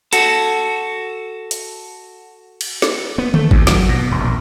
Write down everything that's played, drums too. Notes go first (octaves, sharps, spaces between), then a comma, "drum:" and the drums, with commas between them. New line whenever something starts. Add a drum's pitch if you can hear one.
F#4 A4, drum: hi-hat
drum: hi-hat
drum: cymbal
drum: snare
B3
A3, drum: tom D3
D2, drum: kick G#1
F#3, drum: snare
B2
E1
A#1